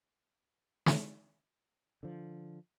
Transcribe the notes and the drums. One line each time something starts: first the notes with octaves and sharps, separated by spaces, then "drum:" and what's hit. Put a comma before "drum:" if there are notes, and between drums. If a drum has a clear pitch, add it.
drum: snare
D3 F3